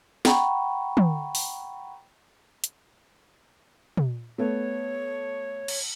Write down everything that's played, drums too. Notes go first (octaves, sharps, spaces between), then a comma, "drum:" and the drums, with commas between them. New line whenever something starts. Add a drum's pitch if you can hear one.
F#5 G5 A#5 B5 C#6, drum: snare
drum: tom
drum: open hi-hat
drum: hi-hat
drum: tom
A3 B3 C#5
drum: cymbal